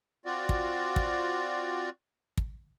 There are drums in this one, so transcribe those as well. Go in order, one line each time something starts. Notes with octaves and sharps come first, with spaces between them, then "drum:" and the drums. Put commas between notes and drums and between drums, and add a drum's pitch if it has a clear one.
C4 F4 F#4 D5
drum: kick
drum: kick
drum: kick